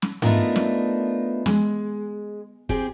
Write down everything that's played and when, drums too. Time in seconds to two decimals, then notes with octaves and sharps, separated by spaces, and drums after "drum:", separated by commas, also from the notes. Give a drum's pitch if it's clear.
0.02 drum: snare
0.22 A3 B3 D4 D#4 F4 A#4, drum: tom G#2
0.56 drum: snare
1.46 G#3, drum: snare
2.69 C4 G4 G#4, drum: kick